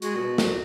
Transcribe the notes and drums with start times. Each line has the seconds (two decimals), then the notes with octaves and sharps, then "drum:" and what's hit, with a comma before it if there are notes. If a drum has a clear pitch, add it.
0.02 G#3 F#4, drum: hi-hat
0.16 A#2
0.21 B2
0.38 A#2, drum: snare